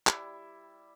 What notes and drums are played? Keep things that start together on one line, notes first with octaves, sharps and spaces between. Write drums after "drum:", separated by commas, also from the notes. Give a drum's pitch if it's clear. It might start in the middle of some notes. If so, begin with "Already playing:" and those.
G3 E4, drum: clap